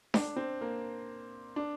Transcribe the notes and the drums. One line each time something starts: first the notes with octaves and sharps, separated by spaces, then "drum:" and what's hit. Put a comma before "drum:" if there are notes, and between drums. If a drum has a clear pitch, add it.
D4, drum: snare D4
C4
A#3
D4